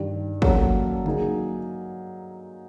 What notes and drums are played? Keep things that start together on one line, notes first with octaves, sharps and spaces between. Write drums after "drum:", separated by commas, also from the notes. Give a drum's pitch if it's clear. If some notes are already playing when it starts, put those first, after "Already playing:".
Already playing: G2 D#3 G3
F#3 A#3 C#4 F#4 A4, drum: kick
F#3 A#3 D#4 G#4, drum: tom C#3